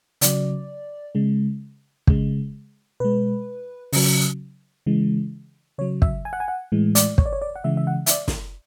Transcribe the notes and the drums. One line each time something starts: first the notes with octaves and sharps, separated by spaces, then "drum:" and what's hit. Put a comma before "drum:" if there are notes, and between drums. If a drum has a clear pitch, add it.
C#3 F#3 D5, drum: hi-hat
C#3 G#3
C#3 G#3, drum: kick
B2 G#3 B4
C#3 F#3, drum: open hi-hat
C#3 E3 G#3
C#3 F#3 C#5
E5, drum: kick
G#5
F#5
G#5
F#5
A2 E3 G#3
D5, drum: hi-hat
C#5, drum: kick
D5
C#5
D5
F#5
C#3 E3 G#3 E5
E5
F#5
E5, drum: hi-hat
D5
drum: snare